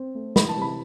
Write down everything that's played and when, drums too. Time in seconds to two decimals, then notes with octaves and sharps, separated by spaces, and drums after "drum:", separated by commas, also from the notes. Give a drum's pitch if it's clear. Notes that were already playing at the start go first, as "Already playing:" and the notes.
Already playing: C4
0.15 A3
0.36 E3 B5, drum: snare
0.49 A5
0.57 C3 B5